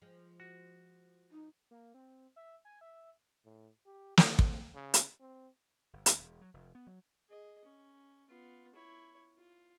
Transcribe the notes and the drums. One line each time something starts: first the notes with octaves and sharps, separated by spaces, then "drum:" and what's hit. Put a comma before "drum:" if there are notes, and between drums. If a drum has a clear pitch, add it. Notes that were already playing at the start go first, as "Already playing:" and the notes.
F3 G#3
F#4
D#4
A#3
C4
E5
G#5
E5
A2
G4
C4, drum: snare
drum: kick
C#3
drum: hi-hat
C4
G1
D#2, drum: hi-hat
E1
F#3
F1
B3
F#3
G#4 D#5
C#4
B3 F4
E4 C#5
F4